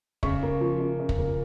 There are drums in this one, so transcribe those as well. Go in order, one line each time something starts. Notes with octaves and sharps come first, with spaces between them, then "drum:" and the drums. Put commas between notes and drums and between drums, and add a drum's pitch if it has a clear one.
C#3 C#6, drum: kick
A#3
F3
C#3
C#3
drum: kick
A#3